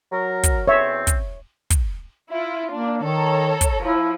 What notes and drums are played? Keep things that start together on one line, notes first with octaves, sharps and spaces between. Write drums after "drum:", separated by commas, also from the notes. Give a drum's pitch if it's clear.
F#3 A#4
drum: kick, hi-hat
E2 C4 C#5 E5
drum: kick, hi-hat
drum: kick, hi-hat
E4 F4
A#3 D4
D#3 A4 C#5 A#5
drum: kick, hi-hat
F3 E4